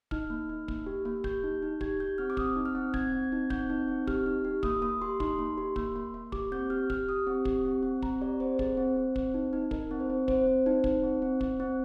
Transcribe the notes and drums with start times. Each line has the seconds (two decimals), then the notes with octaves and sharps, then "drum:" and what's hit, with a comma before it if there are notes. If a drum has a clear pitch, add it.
0.11 D#4 F6, drum: kick
0.30 A#3
0.49 D#4
0.68 A#3, drum: kick
0.86 G4
1.05 A#3
1.24 G4 G6, drum: kick
1.43 D#4
1.62 D#4
1.81 G4 G#6, drum: kick
1.99 G4 G6
2.18 C4 F6
2.30 D6
2.37 C4 D#6, drum: kick
2.56 D#4
2.65 F6
2.75 C4
2.94 C4 G#6, drum: kick
3.12 C4
3.32 D#4
3.50 C4 G6, drum: kick
3.70 D#4
3.88 C4
4.07 G4 F6, drum: kick
4.26 D#4
4.45 G4
4.63 A#3 D#6, drum: kick
4.82 A#3 D#6
5.02 G4 C6
5.20 D#4 C6, drum: kick
5.39 A#3
5.58 G4
5.76 A#3, drum: kick
5.96 A#3
6.14 A#3
6.32 G4 D6, drum: kick
6.52 C4 G6
6.70 G4 F6
6.90 G4 F6, drum: kick
7.09 G4 D#6
7.27 C4
7.45 G4, drum: kick
7.65 C4
7.83 C4
8.02 C4 A#5, drum: kick
8.21 G4 D5
8.40 C4 C5
8.59 G#4, drum: kick
8.77 C4
8.96 C4
9.16 C4, drum: kick
9.34 D#4
9.53 D#4
9.71 D#4 A#4, drum: kick
9.91 C4
10.00 C5
10.10 C4
10.28 C4 C5, drum: kick
10.47 C4
10.66 D#4
10.84 D#4, drum: kick
11.03 C4
11.22 C4
11.41 C4, drum: kick
11.60 C4